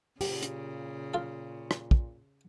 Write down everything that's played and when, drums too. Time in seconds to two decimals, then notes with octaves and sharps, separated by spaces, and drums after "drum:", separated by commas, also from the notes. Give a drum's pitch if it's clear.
0.21 A#2 C#3 G4, drum: open hi-hat
0.43 drum: hi-hat
1.14 F4 A4
1.71 drum: rim click
1.91 drum: kick